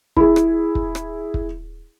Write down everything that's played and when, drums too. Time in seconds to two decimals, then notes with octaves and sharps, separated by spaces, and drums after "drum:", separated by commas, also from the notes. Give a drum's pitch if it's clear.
0.16 E4 G#4, drum: kick
0.36 drum: rim click
0.75 drum: kick
0.95 drum: rim click
1.34 drum: kick